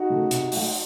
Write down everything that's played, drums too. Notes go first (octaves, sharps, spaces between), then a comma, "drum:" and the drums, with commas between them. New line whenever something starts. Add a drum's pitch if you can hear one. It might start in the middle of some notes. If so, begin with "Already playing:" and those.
Already playing: D#4 F#4
C#3 F#3 A3
C3, drum: hi-hat
F#3 A3, drum: open hi-hat